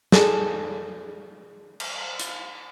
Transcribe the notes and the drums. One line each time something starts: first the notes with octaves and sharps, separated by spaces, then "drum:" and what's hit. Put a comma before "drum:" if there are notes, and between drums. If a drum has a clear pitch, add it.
G#4 A4 D5, drum: snare
drum: cymbal
drum: hi-hat